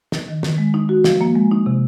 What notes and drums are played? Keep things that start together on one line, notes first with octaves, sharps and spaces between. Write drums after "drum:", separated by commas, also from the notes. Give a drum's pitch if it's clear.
D#4, drum: snare
D#3
D#3, drum: snare
G#3
D#4
F#4
F3, drum: snare
A#3
G#3
D#4
C3